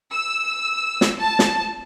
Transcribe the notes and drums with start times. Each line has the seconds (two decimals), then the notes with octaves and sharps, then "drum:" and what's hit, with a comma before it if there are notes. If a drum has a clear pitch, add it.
0.12 E6
1.01 drum: snare
1.20 A5
1.39 drum: snare